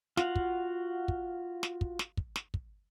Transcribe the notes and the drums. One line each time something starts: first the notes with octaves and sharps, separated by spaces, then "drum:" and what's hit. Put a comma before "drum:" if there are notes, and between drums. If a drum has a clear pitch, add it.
F4 F#4 F5 F#5, drum: snare
drum: kick
drum: kick
drum: snare
drum: kick
drum: snare
drum: kick
drum: snare
drum: kick